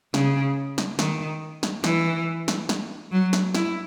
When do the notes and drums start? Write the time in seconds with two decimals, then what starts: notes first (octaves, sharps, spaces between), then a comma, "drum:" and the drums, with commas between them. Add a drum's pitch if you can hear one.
0.14 C#3, drum: snare
0.78 drum: snare
0.99 D#3, drum: snare
1.63 drum: snare
1.84 E3, drum: snare
2.48 drum: snare
2.69 drum: snare
3.12 F#3
3.33 drum: snare
3.55 E4, drum: snare